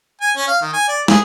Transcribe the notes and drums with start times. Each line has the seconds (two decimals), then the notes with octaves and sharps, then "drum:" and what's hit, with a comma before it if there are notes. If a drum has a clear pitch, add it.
0.21 G#5
0.36 C#4
0.48 F5
0.62 D#3
0.74 G#5
0.89 D5
1.08 G#4, drum: snare